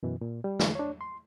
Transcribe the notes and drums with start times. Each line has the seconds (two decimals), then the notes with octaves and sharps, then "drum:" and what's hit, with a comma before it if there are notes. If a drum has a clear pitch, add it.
0.03 F#2 B2 E3
0.21 A#2
0.44 G3
0.59 D3 E3 G#3, drum: snare
0.75 D4 C#5
1.01 C6